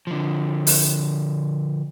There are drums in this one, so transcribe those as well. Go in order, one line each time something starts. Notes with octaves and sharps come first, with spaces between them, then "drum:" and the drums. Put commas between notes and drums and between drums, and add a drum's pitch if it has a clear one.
D3 F3
drum: open hi-hat